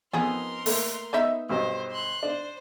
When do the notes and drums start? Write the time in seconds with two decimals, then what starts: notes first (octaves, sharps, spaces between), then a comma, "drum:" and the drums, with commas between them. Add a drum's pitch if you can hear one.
0.13 F2 B3 D#4 G#4 A#4 C6
0.66 A3 A#3, drum: open hi-hat
1.13 B3 D#4 E5
1.49 B1 G2 C5 D#5
1.91 C6 F#6
2.23 D4 C5